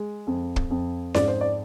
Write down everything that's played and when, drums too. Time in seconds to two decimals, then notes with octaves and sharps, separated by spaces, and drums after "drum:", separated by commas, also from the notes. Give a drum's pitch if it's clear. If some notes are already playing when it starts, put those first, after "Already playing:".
Already playing: G#3
0.27 F2
0.56 drum: kick
0.71 F2
1.14 G#2 D5, drum: snare C#4
1.28 C5
1.41 D5